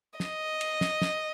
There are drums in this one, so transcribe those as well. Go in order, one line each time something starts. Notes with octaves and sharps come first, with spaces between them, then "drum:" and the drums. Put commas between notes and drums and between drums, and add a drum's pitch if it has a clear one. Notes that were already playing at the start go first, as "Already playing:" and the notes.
D#5, drum: snare
drum: cymbal
drum: snare
drum: snare